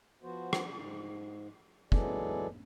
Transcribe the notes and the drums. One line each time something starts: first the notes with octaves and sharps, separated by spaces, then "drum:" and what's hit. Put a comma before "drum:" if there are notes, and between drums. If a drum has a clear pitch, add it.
F3 B3 F#4 C5
drum: rim click
G#2
E3 F#3 G#3 G#4 A4 D5, drum: kick